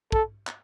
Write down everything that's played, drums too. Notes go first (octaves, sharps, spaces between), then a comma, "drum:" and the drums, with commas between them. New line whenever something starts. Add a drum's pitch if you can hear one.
A4, drum: kick
drum: clap